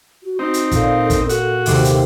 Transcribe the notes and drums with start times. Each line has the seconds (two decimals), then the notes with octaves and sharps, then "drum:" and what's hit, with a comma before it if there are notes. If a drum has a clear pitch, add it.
0.23 F#4
0.39 C4 D#4 F#4
0.54 drum: hi-hat
0.71 A#2 A4, drum: kick, hi-hat
1.10 drum: kick, hi-hat
1.29 F#4, drum: hi-hat
1.66 D#2 C3 A4 D6, drum: open hi-hat
1.85 drum: hi-hat